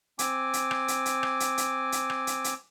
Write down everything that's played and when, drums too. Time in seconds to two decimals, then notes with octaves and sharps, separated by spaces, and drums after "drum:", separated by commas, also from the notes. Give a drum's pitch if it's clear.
0.19 C4 G#5 D6, drum: hi-hat
0.53 drum: hi-hat
0.71 drum: rim click
0.88 drum: hi-hat
1.06 drum: hi-hat
1.23 drum: rim click
1.40 drum: hi-hat
1.58 drum: hi-hat
1.92 drum: hi-hat
2.10 drum: rim click
2.27 drum: hi-hat
2.44 drum: hi-hat